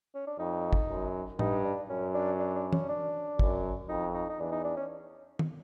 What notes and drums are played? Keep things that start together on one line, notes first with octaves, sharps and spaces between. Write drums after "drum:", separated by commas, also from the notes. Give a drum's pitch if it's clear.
C#4
D4
F2 D#4
drum: kick
F#2
G2 D#4, drum: tom A2
D4
F#2 C#4
D4
D4
D4
C#4, drum: tom E3
D4
F#2, drum: kick
F2 D#4
D#4
D#4
E2 D4
D#4
D4
C#4
drum: tom D#3